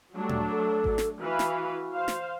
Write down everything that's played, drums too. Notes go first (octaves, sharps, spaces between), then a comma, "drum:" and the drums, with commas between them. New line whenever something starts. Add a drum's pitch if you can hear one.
F#3 G3 A3 D4
drum: tom A#2
A4
drum: kick G#1
drum: snare
E3 F#4 B4 F5
drum: snare
C5 F5
drum: snare